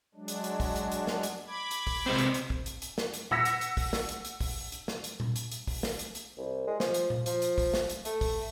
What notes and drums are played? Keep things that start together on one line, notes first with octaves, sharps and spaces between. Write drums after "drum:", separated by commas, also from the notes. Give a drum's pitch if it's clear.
F#3 G#3 D4
drum: hi-hat
drum: hi-hat
drum: kick, open hi-hat
drum: hi-hat
drum: hi-hat
drum: snare
drum: hi-hat
B5 D6 G#6
drum: hi-hat
drum: kick, open hi-hat
C3 G#3 C4
drum: hi-hat
drum: hi-hat
drum: kick
drum: hi-hat
drum: hi-hat
drum: snare
drum: hi-hat
F#5 E6 A#6 B6 C#7, drum: tom A#2
drum: hi-hat
drum: hi-hat
drum: kick, open hi-hat
drum: snare
drum: hi-hat
drum: hi-hat
drum: kick, open hi-hat
drum: hi-hat
drum: snare
drum: hi-hat
drum: tom A#2
drum: hi-hat
drum: hi-hat
drum: kick, open hi-hat
drum: snare
drum: hi-hat
drum: hi-hat
C2
G#3
F3, drum: snare
drum: hi-hat
drum: tom A#2
F3, drum: hi-hat
drum: hi-hat
drum: kick, open hi-hat
drum: snare
drum: hi-hat
A3, drum: hi-hat
drum: kick, open hi-hat